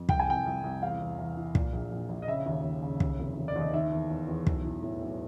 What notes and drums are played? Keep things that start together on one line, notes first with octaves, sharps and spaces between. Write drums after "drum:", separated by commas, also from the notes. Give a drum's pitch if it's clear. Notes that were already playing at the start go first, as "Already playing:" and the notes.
Already playing: F2
C2 G5, drum: kick
G#5
C2 G5
C2
C2
E2 F5
E2
E2
E3
A#2, drum: kick
A#1
A#1
A#1
D#5
C#3 E5
D#2
D#2
C#3
D#2, drum: kick
F1
D#2
D5
D#2 D#5
D#3 E5
E2
E2
E2
B1, drum: kick
E3
A2
B1